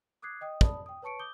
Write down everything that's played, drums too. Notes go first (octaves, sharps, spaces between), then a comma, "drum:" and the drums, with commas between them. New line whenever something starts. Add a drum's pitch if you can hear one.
D6 D#6 F#6 G#6 C7
D#5 G5 D#6
D5 A5 B5 D#6, drum: kick
G5 D#6
B4 C#5 A5 C#6 C#7 D7
D6 D#6 G6 G7